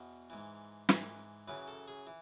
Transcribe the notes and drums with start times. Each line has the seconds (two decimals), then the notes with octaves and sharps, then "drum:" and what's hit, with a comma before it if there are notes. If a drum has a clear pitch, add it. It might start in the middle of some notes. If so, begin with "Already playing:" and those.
Already playing: E2 B2
0.30 G#2 E3
0.89 G#2 E3, drum: snare
1.48 F#2 C#3 E3 B4
1.68 A4
1.88 G#4
2.07 E3